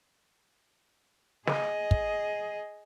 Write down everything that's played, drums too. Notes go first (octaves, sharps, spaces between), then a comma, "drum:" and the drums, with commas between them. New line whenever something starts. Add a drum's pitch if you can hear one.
G#4 D#5, drum: snare
drum: kick